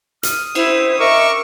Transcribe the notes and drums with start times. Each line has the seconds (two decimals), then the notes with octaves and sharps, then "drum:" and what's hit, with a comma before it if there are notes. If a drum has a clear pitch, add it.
0.23 D#6 F6, drum: hi-hat
0.55 E4 C5, drum: cymbal
1.00 A#4 D#5 E5 C#6 D6 E6